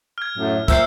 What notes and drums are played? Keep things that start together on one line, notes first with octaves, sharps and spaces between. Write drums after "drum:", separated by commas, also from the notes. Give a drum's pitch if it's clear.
F6 G#6
F#2 A2
A#2 C5 E5 E6 G6 C7, drum: kick, hi-hat